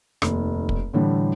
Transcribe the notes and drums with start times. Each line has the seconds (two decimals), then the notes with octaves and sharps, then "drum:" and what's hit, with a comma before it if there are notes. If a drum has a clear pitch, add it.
0.22 F1 D#2, drum: rim click
0.69 drum: kick
0.93 A2 D3 E3 G3